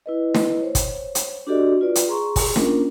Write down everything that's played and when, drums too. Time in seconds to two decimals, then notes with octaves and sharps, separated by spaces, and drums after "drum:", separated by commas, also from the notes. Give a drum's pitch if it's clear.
0.06 E4 B4 D#5
0.35 drum: snare
0.60 C5 C#5
0.75 drum: kick, hi-hat
1.15 drum: hi-hat
1.47 D4 F#4 G4 A4 D5 D#5
1.81 F4 B4 D5
1.95 drum: hi-hat
2.08 G#4 A#5 C6 C#6
2.36 drum: kick, open hi-hat
2.56 A#3 C#4 D4 F4 A#4, drum: snare